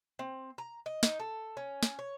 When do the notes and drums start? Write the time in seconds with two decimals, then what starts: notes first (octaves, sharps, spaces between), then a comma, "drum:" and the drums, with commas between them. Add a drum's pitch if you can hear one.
0.19 C4
0.58 A#5
0.86 D#5
1.03 D#4, drum: snare
1.20 A4
1.57 C#4
1.83 drum: snare
1.99 C#5